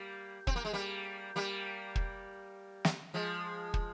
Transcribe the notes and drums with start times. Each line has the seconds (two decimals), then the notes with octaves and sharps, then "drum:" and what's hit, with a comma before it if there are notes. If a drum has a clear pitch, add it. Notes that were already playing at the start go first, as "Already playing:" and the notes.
Already playing: G3 A#3
0.47 C4, drum: kick
0.56 A#3
0.65 G#3
0.73 G3 A#3
1.36 G3 A#3
1.95 drum: kick
2.85 drum: snare
3.14 F3 G#3
3.74 drum: kick